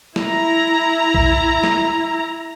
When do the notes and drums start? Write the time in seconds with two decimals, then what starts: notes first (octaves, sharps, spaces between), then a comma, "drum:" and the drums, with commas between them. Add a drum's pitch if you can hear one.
0.16 E4 A#5, drum: snare
1.14 drum: kick A#1
1.64 drum: snare